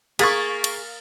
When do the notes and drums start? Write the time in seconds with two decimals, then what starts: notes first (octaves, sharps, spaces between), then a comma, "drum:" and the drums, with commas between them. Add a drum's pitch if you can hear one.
0.19 A#3 G#4 C#6 A6 B6, drum: cymbal
0.64 drum: cymbal